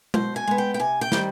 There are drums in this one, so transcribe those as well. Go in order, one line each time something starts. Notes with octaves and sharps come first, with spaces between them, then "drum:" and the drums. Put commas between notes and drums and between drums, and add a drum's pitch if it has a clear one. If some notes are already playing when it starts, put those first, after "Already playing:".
B2 C5, drum: tom G#3
G#5
G#3 B3
G5
G5
C3 G#5
G5
D#3 G3 C4, drum: snare